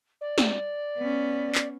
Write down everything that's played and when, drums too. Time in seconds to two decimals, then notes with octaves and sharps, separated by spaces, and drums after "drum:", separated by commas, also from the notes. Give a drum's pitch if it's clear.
0.21 D5
0.38 drum: snare
0.98 B3 C#4
1.55 drum: clap